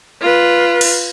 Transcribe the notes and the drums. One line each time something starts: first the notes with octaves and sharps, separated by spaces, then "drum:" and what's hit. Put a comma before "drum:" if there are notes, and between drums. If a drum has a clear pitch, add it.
F4 B4
drum: cymbal